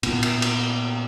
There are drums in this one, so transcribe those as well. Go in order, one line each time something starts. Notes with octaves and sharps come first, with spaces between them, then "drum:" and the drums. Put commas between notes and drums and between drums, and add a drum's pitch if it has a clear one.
A#2 B3, drum: cymbal
drum: cymbal
drum: cymbal